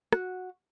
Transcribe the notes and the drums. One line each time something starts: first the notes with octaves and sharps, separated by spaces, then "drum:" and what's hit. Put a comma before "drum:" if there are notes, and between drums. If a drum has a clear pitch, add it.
F#4, drum: rim click